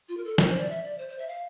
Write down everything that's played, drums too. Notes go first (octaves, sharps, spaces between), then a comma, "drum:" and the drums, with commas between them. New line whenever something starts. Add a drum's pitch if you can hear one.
F4
A#4
A4
A#4, drum: snare
C5
D5
E5
D5
C5
C5
E5
F5